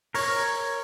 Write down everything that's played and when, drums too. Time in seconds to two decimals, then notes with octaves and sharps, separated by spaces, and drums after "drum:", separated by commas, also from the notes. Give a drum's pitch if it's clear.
0.14 A#4 C#5, drum: open hi-hat